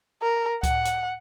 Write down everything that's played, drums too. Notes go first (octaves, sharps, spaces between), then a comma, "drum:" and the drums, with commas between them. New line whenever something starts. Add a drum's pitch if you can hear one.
A#4
F#5, drum: kick C#2, hi-hat
drum: hi-hat